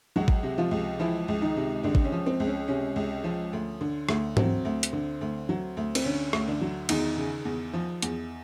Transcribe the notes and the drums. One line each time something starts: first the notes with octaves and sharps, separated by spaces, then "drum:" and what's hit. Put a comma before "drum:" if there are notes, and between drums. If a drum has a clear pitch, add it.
C#2 F#3 F#4
drum: kick G#1
C3
F3 F4
C#2
E3 F3 E4
C#2
D#3 D#4
C3
C#2 D3 D4
drum: kick G#1
C#4
F3
C4
C#2
C#4
C3 C#4
C#2
F3
D2
D3
D2, drum: rim click
F#3 C4, drum: tom G#2
D2
drum: hi-hat
D3
D2
F#3
D2
C4, drum: cymbal
D3 C#4
D2, drum: rim click
D3 D4
F#3
E2 D#3 D#4, drum: cymbal
C#3
E2
F3
E2, drum: hi-hat